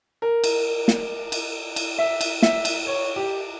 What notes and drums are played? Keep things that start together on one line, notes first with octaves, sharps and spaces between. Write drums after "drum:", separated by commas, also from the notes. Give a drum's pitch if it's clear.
A#4
drum: cymbal
drum: snare
drum: cymbal
drum: cymbal
E5
drum: cymbal
E5, drum: snare
drum: cymbal
C#5
G4